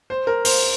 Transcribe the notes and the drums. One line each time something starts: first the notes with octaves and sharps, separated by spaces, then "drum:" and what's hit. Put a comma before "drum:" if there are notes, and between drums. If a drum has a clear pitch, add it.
C5
A#4
C5, drum: open hi-hat